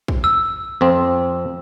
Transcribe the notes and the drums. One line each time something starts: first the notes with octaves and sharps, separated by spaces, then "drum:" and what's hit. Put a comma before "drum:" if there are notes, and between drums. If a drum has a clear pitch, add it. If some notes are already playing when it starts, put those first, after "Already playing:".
drum: kick
E6
F2 F3 C4